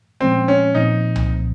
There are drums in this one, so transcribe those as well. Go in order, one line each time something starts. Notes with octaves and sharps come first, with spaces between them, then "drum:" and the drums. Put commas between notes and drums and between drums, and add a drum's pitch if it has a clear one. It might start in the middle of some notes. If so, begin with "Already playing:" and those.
A#2 F3 G#3 C4 C#4
C#4
A#2 F3 C4 D#4
drum: tom C2